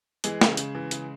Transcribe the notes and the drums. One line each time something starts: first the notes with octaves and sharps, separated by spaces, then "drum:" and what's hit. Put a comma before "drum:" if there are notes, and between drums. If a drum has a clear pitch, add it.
E3 G#3 G#4, drum: hi-hat
C#3, drum: snare
C#3, drum: hi-hat
E3
C#3, drum: hi-hat